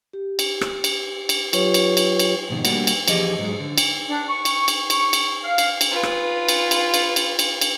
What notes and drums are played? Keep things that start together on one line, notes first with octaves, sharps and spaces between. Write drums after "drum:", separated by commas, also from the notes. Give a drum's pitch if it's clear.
G4
drum: cymbal
drum: rim click
drum: cymbal
drum: cymbal
F#3 F4 G4 B4 C#5 C#6, drum: cymbal
drum: cymbal
drum: cymbal
drum: cymbal
F2 G#2 B2 D#3
G3 A3 A#3 D4 F#4, drum: cymbal
drum: cymbal
E2 F3 G4 G#4 D#5, drum: cymbal
G#2 F#3 G#3
D3
drum: cymbal
D4
C#6
drum: cymbal
drum: cymbal
C#6, drum: cymbal
drum: cymbal
F5
drum: cymbal
drum: cymbal
F4 B4
drum: rim click
drum: cymbal
drum: cymbal
drum: cymbal
drum: cymbal
drum: cymbal
drum: cymbal